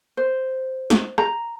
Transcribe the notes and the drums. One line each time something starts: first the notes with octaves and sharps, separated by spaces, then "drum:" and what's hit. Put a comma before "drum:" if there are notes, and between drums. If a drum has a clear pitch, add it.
C5
drum: snare
A#5, drum: rim click